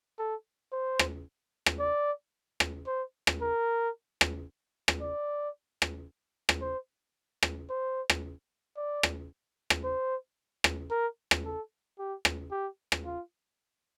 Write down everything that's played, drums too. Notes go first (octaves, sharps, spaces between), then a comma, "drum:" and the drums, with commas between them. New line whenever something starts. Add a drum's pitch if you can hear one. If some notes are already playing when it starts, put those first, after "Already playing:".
A4
C5
drum: rim click
drum: rim click
D5
drum: rim click
C5
drum: rim click
A#4
drum: rim click
drum: rim click
D5
drum: rim click
drum: rim click
C5
drum: rim click
C5
drum: rim click
D5
drum: rim click
drum: rim click
C5
drum: rim click
A#4
drum: rim click
A4
G4
drum: rim click
G4
drum: rim click
F4